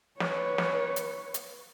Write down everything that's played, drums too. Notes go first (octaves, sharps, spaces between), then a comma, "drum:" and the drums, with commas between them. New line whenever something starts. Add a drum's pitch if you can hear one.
B4 C#5, drum: snare
drum: snare
drum: hi-hat
drum: hi-hat